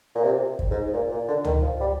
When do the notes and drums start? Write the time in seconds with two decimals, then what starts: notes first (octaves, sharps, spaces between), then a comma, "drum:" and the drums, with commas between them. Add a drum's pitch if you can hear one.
0.15 A#2
0.24 C3
0.59 drum: kick
0.71 G#2
0.93 A#2
1.11 A#2
1.28 D3
1.45 D#3, drum: tom C#2
1.62 F3
1.81 G3